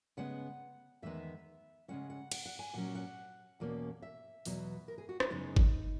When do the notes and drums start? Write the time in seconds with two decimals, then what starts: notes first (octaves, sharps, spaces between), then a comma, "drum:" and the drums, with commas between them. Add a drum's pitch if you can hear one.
0.17 C#3 G#3 B3 F#5
1.02 E2 D#3 G#3 B3 E5
1.88 C#3 G#3 C#4 F#5
2.10 F#5
2.31 F#5, drum: cymbal
2.46 F#5
2.59 G#5
2.73 A#2 F#3 C#4 F#5
2.95 F#5
3.60 E2 B2 A#3 C#4
4.02 E5
4.45 E2 B2 F#3 B3, drum: open hi-hat
4.88 A#4
4.98 G#4
5.09 F#4
5.20 E4, drum: rim click
5.30 F#2 C#3 G#3 B3 D#4
5.56 drum: kick G1